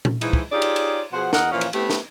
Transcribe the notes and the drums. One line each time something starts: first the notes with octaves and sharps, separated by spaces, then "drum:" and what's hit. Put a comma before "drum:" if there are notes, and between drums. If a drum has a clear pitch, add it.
drum: tom A#2
E3 F3 G#3 D#4 E4, drum: cymbal
drum: kick
D#4 F4 G4 G#4 C#5 D5
drum: cymbal
drum: cymbal
B2 F3 G#4 C5 F#5
E2 A#4 D#5 F#5, drum: snare
A#2 E3 F3 C#4 F5
drum: cymbal
A3 B3 C4 E4 G4, drum: cymbal
drum: snare